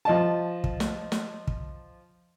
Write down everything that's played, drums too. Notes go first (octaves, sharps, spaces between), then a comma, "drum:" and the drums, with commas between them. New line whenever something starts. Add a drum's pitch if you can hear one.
F3 D#5 A5
drum: kick
drum: snare
drum: snare
drum: kick